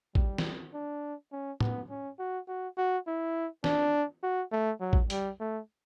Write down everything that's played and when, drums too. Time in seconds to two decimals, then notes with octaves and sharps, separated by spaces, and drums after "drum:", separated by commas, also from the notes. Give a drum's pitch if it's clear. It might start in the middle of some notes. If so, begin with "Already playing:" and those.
0.15 G3, drum: kick
0.38 drum: snare
0.74 D4
1.32 C#4
1.61 B3, drum: tom A2
1.90 C#4
2.19 F#4
2.48 F#4
2.78 F#4
3.07 E4
3.64 D4, drum: snare
4.23 F#4
4.52 A3
4.80 F#3
4.93 drum: kick
5.10 G3, drum: hi-hat
5.40 A3